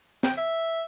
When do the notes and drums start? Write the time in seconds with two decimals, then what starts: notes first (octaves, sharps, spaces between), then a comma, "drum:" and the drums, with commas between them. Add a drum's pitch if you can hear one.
0.23 G5, drum: snare
0.37 E5